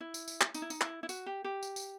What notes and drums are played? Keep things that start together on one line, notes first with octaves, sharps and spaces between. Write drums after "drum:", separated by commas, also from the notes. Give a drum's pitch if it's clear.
E4
drum: tambourine
drum: tambourine
drum: clap
D#4, drum: tambourine
E4
D#4, drum: tambourine
E4, drum: clap
E4
F#4, drum: tambourine
G4
G4
drum: tambourine
drum: tambourine